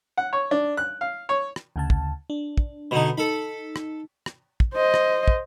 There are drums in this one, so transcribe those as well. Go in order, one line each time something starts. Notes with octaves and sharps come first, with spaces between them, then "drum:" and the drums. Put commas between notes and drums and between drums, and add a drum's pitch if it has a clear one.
F#5
C#5
D4
F#6
F5
C#5
drum: rim click
D2 C#3 A5
drum: kick
D4
drum: kick
B2 D3 D#4 B5
D#4 A4 B5
drum: rim click
drum: rim click
drum: kick
C5 D#5
drum: rim click
drum: kick